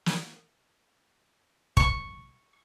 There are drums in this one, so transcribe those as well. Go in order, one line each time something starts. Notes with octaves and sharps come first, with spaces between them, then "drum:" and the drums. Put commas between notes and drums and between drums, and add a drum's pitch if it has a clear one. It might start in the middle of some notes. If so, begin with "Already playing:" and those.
drum: snare
C#6, drum: kick